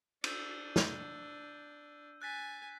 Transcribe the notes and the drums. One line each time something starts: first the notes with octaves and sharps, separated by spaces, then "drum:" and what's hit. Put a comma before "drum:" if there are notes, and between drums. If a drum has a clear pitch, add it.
D4 E6 G6 D#7, drum: cymbal
drum: snare
G#5 F#6 A6 B6